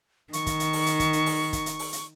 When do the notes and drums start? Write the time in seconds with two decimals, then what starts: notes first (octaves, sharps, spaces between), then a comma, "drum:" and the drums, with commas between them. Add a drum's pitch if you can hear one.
0.33 D#3 C#6, drum: hi-hat
0.46 drum: kick, hi-hat
0.60 drum: hi-hat
0.73 drum: open hi-hat
0.86 drum: hi-hat
1.00 drum: kick, hi-hat
1.13 drum: hi-hat
1.26 drum: open hi-hat
1.53 drum: kick, hi-hat
1.66 drum: hi-hat
1.79 drum: open hi-hat
1.93 drum: hi-hat